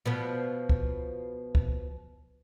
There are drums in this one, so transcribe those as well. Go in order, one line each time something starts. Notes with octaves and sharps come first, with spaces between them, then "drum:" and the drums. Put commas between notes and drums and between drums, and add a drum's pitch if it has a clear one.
B2 F3 B3
drum: kick C#2
drum: kick C#2